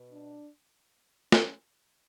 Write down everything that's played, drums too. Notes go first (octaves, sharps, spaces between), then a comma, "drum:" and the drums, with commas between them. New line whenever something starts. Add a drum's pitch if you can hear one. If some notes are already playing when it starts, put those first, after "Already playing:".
Already playing: B2
D4
C#4, drum: snare